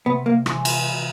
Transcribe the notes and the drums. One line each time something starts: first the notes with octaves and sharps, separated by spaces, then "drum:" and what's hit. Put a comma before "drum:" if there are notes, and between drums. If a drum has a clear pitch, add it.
C3 B3
A#3
E3 G#3 C4, drum: rim click
drum: cymbal